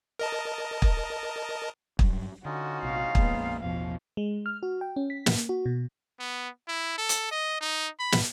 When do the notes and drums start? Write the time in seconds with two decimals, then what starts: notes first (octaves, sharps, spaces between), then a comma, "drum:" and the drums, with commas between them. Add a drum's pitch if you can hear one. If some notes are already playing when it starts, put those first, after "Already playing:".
0.19 A#4 D#5 A5
0.82 drum: kick
1.99 G2 F#3 G3, drum: kick
2.45 D3 C#4 D#4 F4 F#4
2.83 A#1 C3 F5
3.15 A#1 F2 G#3 A#3 B3, drum: kick
3.61 A1 E2 B2 F3 F5
4.17 G#3
4.46 F6
4.63 F#4
4.81 G5
4.96 C#4
5.10 B6
5.26 A#3, drum: snare
5.49 F#4
5.66 B2
6.20 B3
6.68 E4
6.98 A4
7.09 drum: hi-hat
7.31 D#5
7.61 D#4
7.99 B5
8.12 drum: snare